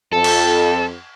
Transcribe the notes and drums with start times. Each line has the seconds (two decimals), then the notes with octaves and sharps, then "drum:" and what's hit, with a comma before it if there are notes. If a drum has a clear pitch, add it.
0.13 F2 A4
0.24 drum: cymbal